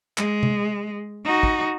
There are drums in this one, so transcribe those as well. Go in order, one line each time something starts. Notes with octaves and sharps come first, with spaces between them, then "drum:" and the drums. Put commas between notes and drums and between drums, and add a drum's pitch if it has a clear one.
G#3, drum: clap
drum: tom C3
D#4 F#4
drum: kick